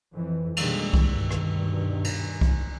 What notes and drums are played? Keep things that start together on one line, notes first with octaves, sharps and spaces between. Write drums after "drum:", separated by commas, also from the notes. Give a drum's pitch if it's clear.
F2 E3
B2 D3 D#3 G3 G#3 A#3, drum: cymbal
drum: kick C2
D2 G2 B2 D#3
drum: rim click
drum: cymbal
drum: kick C2